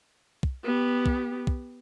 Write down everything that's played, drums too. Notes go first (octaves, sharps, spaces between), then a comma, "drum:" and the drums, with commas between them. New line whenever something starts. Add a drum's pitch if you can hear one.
drum: kick
B3 G4
drum: kick
drum: kick